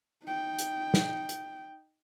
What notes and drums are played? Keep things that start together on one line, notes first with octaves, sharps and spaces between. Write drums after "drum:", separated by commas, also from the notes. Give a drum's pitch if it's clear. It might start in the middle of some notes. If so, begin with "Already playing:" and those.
D#4 G5
drum: hi-hat
drum: snare
drum: hi-hat